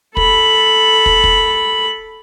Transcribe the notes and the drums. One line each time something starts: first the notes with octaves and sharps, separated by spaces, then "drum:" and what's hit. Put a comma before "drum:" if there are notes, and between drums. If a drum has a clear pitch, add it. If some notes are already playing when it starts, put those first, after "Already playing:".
A4 B5, drum: kick
drum: kick
drum: kick